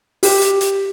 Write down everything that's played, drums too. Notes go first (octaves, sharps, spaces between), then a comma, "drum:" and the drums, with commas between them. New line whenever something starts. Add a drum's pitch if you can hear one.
G4, drum: open hi-hat
drum: hi-hat
drum: hi-hat